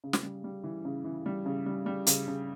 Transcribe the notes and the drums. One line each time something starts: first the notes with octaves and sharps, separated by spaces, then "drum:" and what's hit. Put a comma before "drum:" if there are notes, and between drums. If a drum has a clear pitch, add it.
C#3
drum: snare
G3
G3
E3
C#3
E3
G3
C#3
G3
G3
C#3, drum: hi-hat
C#3